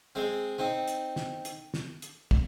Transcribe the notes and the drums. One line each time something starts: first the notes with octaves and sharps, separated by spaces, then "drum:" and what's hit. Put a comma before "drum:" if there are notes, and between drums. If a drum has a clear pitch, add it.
G#3 C4
C4 D#4
drum: hi-hat
drum: snare
drum: hi-hat
drum: snare
drum: hi-hat
drum: kick